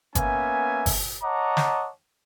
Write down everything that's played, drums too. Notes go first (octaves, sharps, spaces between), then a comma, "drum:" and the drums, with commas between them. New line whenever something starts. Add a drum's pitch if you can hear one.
A#3 B3 C#4 E5 G#5, drum: kick G1, hi-hat
drum: kick G1, open hi-hat
C#5 D#5 F#5 A5 A#5 D6
drum: snare